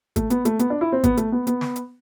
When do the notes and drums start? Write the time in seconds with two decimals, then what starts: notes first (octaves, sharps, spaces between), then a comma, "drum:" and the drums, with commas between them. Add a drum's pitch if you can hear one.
0.16 A3, drum: kick G#1, hi-hat
0.30 B3, drum: hi-hat
0.45 A3, drum: hi-hat
0.59 B3, drum: hi-hat
0.70 D4
0.81 E4
0.92 C4
1.04 B3, drum: kick G#1, hi-hat
1.17 A3, drum: hi-hat
1.32 B3
1.47 B3, drum: hi-hat
1.61 drum: snare
1.76 drum: hi-hat